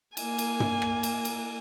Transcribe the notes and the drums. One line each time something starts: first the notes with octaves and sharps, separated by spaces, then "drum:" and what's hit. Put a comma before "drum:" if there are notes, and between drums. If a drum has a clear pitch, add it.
A#3 G#5, drum: cymbal
drum: cymbal
drum: tom
drum: rim click
drum: cymbal
drum: cymbal